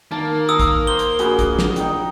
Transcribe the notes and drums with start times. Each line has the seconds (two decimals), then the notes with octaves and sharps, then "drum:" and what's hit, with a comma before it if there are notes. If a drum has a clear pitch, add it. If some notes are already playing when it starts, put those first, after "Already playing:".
0.11 D#3 A#3 A5
0.49 A#5 C#6 D#6 E6
0.59 drum: kick, hi-hat
0.87 C5 G7
0.99 drum: hi-hat
1.19 A#1 F#4 G#4 B5, drum: hi-hat
1.39 drum: kick, hi-hat
1.59 drum: snare
1.76 D#4 G5, drum: hi-hat